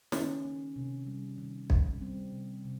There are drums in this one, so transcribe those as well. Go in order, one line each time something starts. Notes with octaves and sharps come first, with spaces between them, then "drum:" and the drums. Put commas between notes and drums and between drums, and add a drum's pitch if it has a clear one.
D#3 C#4, drum: snare
A#3
C3
G3
D#3
A#3, drum: kick B1
G3 C4
C3
C3